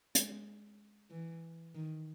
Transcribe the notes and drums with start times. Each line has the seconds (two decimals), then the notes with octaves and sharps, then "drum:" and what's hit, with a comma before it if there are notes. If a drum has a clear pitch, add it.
0.15 G#3, drum: hi-hat
1.11 E3
1.75 D#3